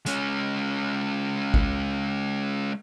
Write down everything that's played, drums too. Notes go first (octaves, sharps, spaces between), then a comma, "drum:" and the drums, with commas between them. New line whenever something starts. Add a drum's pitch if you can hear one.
G#3 C#4, drum: hi-hat
drum: kick G#1